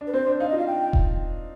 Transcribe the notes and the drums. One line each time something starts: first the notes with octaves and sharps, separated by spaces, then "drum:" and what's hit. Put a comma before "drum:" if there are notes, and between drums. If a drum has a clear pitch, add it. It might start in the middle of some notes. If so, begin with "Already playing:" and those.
D4
B4
C4 C5
D4
D#4 F5
F4 D#5
F5
G5
drum: kick E1